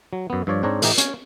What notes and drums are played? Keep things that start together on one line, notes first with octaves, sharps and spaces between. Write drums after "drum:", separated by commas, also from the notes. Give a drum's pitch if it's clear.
F#3
F#2 B3
G2 F3 C#5 D5
G#2 C4 D4 C#5 A#5
A2 E3 D#4 G4 A#5, drum: open hi-hat
C#4 G#5, drum: hi-hat